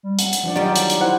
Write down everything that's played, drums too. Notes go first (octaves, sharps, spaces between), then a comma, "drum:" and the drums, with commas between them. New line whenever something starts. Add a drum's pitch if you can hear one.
G3
F#5, drum: hi-hat
drum: hi-hat
F3 D4 D5
D#3 F#3 G3 D4 G4 D5
drum: hi-hat
drum: hi-hat
E4 C5 F#5